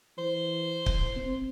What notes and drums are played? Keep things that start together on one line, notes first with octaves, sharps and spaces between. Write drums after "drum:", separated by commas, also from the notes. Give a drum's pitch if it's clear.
E3 C5
drum: kick
C4